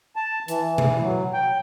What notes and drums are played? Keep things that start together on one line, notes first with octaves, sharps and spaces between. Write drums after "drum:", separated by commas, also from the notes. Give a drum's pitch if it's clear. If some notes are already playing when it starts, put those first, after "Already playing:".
A5
E3, drum: hi-hat
drum: tom B2
F#3
G5